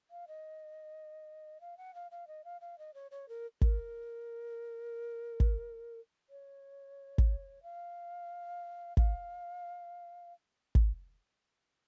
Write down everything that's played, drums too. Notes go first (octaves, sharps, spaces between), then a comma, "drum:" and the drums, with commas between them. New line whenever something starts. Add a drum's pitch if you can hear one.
F5
D#5
F5
F#5
F5
F5
D#5
F5
F5
D#5
C#5
C#5
A#4
A#4, drum: kick
drum: kick
C#5
drum: kick
F5
F5, drum: kick
drum: kick